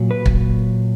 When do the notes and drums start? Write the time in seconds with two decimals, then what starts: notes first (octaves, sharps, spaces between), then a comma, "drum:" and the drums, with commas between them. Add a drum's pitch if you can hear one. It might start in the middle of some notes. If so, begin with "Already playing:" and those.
Already playing: A#2 F#3
0.11 B4
0.26 drum: kick